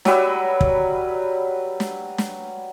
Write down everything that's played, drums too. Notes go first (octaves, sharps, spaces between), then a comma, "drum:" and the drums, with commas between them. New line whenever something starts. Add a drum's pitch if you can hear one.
F#3 G3 B4 E5, drum: snare
drum: kick
drum: snare
drum: snare